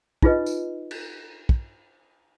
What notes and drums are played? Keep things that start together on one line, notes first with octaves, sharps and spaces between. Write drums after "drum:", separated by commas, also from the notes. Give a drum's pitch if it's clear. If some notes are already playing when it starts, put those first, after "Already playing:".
D#4 F4 G#4 B4 D#5, drum: kick
drum: tambourine
drum: cymbal
drum: kick